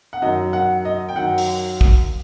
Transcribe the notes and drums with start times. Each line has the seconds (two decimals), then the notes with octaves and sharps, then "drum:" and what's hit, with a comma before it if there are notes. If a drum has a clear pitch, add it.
0.13 F#5
0.22 F#2 D#3 F#3 D#5
0.53 F#5
0.85 D#5
1.09 G5
1.16 F#2 D#3 F#3 F#5
1.38 drum: open hi-hat
1.81 drum: kick